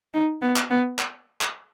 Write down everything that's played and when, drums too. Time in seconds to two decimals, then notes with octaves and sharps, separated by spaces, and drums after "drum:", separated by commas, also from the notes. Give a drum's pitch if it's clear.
0.14 D#4
0.42 B3
0.56 drum: clap
0.70 B3
0.99 drum: clap
1.41 drum: clap